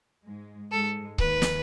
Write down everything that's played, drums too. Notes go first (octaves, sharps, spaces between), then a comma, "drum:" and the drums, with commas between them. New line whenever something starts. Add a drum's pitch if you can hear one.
G#2 G#3
G#2 G#3 A4
D#2 D#3 B4, drum: kick C#1
drum: snare